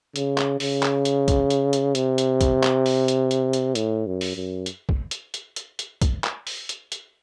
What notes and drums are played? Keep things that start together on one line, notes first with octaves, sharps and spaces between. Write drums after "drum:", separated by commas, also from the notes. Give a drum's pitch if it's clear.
C#3, drum: hi-hat
drum: clap
C#3, drum: open hi-hat
drum: clap
drum: hi-hat
drum: kick, hi-hat
drum: hi-hat
drum: hi-hat
C3, drum: hi-hat
drum: hi-hat
drum: kick, hi-hat
drum: clap
drum: open hi-hat
drum: hi-hat
drum: hi-hat
drum: hi-hat
A2, drum: hi-hat
F#2
drum: open hi-hat
F#2
drum: hi-hat
drum: kick
drum: hi-hat
drum: hi-hat
drum: hi-hat
drum: hi-hat
drum: kick, hi-hat
drum: clap
drum: open hi-hat
drum: hi-hat
drum: hi-hat